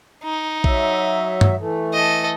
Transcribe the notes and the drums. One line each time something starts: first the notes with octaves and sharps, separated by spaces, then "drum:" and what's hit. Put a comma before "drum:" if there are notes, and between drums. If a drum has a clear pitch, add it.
D#4
F#3 E5, drum: kick A#1
drum: tom G2
E3 A3
A4 D#5